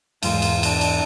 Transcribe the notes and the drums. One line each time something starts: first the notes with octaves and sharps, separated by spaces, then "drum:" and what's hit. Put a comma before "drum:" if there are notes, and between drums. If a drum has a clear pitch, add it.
E2 G#2 F4, drum: cymbal
drum: cymbal
D4, drum: cymbal
drum: cymbal